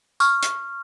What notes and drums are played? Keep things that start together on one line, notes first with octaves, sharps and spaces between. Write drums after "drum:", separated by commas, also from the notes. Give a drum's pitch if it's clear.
C#6 F6, drum: tambourine
drum: hi-hat